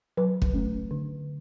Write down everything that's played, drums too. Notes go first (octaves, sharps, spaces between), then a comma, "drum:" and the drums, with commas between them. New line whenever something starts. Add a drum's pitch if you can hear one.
F#3 B4
drum: kick
A3 C#4
D3